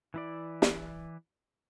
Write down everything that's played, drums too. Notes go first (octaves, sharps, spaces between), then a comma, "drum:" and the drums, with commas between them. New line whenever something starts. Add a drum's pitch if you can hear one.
E3 E4 D5
drum: snare